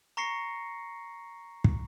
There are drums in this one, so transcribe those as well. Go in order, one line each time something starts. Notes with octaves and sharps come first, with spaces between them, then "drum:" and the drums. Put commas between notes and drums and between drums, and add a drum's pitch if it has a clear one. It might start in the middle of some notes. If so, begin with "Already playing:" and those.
A#5 C#6 A#6 C7 C#7
drum: kick